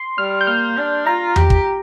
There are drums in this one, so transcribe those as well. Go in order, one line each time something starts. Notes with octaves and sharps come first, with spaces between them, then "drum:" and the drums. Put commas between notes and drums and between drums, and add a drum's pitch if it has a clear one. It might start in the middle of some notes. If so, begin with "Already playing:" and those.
Already playing: C6
G3 F6
G6
A#3 F6
D4
F4 A#5
G4, drum: tom E2
drum: kick